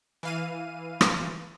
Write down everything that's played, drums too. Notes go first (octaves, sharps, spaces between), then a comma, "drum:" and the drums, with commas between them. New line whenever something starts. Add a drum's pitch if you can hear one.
E3 F5 D#7
drum: rim click